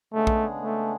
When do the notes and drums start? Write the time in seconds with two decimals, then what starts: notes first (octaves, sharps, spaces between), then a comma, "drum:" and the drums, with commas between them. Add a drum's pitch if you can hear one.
0.13 C#3 G#3 A3 B3 D4 G#4
0.27 drum: kick
0.60 A3